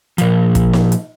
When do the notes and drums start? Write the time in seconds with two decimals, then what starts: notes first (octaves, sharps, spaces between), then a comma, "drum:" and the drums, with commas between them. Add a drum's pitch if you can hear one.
0.18 A#2 F3, drum: hi-hat
0.55 drum: kick, hi-hat
0.73 drum: snare
0.92 drum: hi-hat